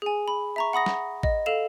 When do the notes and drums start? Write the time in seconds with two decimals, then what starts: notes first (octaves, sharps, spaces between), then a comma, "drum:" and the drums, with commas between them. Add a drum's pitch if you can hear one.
0.02 G#4 G#5
0.28 B5
0.56 E5 A#5 C#6
0.73 F#5 B5 D#6 A#6
0.86 drum: snare
1.23 D#5, drum: kick A1
1.46 A4 F5 E7 F7